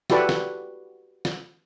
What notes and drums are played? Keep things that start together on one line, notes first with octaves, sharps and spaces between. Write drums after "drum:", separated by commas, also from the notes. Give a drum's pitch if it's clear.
E4 F#4 G4 A4 B4 D5, drum: snare
drum: snare
drum: snare